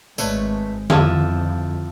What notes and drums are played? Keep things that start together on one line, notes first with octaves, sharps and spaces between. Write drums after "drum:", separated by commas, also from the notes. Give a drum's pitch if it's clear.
G#1 G#2 A3 B4 C#5, drum: tambourine
F2 F3 E4 A4, drum: tom D3